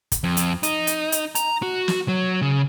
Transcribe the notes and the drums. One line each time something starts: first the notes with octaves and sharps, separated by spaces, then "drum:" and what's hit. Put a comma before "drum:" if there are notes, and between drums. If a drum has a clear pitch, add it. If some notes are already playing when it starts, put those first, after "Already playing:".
drum: kick, hi-hat
F2
drum: hi-hat
D#4, drum: hi-hat
drum: hi-hat
drum: hi-hat
A#5, drum: hi-hat
F#4
drum: snare
F#3
C#3